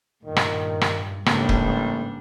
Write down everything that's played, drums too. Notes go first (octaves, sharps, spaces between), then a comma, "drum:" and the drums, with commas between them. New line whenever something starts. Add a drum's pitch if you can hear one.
G2 A#2 D#3
drum: rim click
drum: rim click
A1 G#2 C#3 G3 A#3 D4, drum: rim click
drum: kick